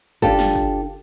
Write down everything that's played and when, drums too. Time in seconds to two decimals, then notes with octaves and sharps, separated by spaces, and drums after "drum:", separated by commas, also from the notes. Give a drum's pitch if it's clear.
0.22 D4 F4 G4 A4, drum: kick
0.39 drum: snare
0.55 drum: kick